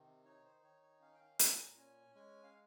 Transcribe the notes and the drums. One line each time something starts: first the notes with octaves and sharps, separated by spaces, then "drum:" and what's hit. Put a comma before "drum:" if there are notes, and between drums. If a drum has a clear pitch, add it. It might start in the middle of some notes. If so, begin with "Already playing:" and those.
Already playing: C3 D#3
D#4 C#5
C5
D#3 C#5
C#5
C#4 F5
G5
F5
A#2 C6, drum: hi-hat
A#5
C#4 G#5
G#3 G#5
F5